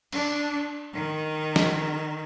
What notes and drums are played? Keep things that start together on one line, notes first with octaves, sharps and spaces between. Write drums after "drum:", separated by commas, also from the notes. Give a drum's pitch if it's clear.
D4, drum: cymbal
D#3
drum: snare